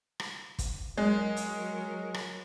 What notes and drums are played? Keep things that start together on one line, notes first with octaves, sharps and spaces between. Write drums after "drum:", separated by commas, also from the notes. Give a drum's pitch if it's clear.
drum: rim click
drum: kick, hi-hat
F#3 G#3 A#4
drum: hi-hat
drum: rim click